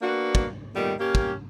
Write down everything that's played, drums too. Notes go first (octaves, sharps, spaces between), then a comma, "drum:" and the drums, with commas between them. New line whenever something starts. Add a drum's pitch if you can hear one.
A#3 B3 D4 F#4
drum: kick
A#2 D#3 G3 A3 B3
A#3 C#4 G4
drum: kick